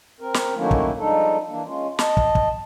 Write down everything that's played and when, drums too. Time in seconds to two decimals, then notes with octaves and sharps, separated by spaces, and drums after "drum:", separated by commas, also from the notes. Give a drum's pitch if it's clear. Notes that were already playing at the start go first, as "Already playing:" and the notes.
0.20 C4 A#4
0.34 drum: snare
0.56 D#3 F#3 A3 A#3 C#4 E4
0.71 drum: kick
0.99 F3 G3 G#3 D4 D#4 A4
1.49 E3 A#3 D4
1.65 G#3 C#4 F4
1.99 D#5 A5, drum: snare
2.17 drum: kick
2.35 drum: kick